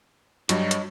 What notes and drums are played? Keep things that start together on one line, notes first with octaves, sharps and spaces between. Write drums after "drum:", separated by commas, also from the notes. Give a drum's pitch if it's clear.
G2 F#3 G3 F#4 C#5 D#5, drum: hi-hat
drum: hi-hat